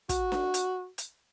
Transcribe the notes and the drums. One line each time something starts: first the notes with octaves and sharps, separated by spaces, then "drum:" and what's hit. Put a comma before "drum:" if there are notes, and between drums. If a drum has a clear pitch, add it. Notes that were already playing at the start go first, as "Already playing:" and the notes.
F#4, drum: kick, hi-hat
drum: snare D4
drum: hi-hat
drum: hi-hat